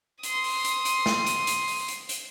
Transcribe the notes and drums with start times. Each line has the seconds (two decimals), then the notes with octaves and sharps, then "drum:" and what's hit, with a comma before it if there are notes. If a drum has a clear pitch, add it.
0.23 C6 D#6, drum: hi-hat
0.44 drum: open hi-hat
0.65 drum: hi-hat
0.85 drum: hi-hat
1.06 drum: snare
1.26 drum: hi-hat
1.47 drum: hi-hat
1.68 drum: open hi-hat
1.88 drum: hi-hat
2.09 drum: hi-hat